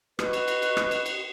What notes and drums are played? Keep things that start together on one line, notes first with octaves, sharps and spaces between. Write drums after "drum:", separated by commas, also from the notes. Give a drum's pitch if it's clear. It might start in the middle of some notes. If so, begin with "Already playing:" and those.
F#4 B4 D#5, drum: rim click
drum: cymbal
drum: cymbal
drum: cymbal
drum: rim click
drum: cymbal
drum: cymbal